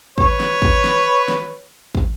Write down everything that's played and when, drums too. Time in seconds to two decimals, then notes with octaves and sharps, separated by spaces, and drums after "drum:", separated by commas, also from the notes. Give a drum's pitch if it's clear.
0.18 B4 C#5, drum: kick
0.40 drum: snare
0.62 drum: kick
0.84 drum: snare
1.28 drum: snare
1.95 drum: kick